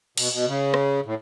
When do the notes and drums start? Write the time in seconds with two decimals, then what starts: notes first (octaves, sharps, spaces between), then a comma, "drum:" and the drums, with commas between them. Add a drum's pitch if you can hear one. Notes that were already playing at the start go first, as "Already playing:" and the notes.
0.18 B2, drum: cymbal
0.32 B2
0.47 C#3
0.74 drum: rim click
1.06 A2